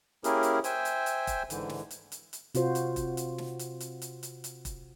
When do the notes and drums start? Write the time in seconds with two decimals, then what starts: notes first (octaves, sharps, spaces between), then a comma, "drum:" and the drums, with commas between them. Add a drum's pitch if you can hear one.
0.24 A#3 C#4 E4 G4 G#4 A#4, drum: hi-hat
0.43 drum: hi-hat
0.64 C5 E5 G5 G#5, drum: hi-hat
0.85 drum: hi-hat
1.06 drum: hi-hat
1.27 drum: kick E1, hi-hat
1.50 G#2 D3 E3, drum: hi-hat
1.69 drum: snare
1.91 drum: hi-hat
2.12 drum: hi-hat
2.33 drum: hi-hat
2.55 C3 F4 F#4 C5, drum: hi-hat
2.75 drum: hi-hat
2.96 drum: kick E1, hi-hat
3.17 drum: hi-hat
3.38 drum: snare
3.59 drum: hi-hat
3.80 drum: hi-hat
4.02 drum: hi-hat
4.23 drum: hi-hat
4.44 drum: hi-hat
4.65 drum: kick E1, hi-hat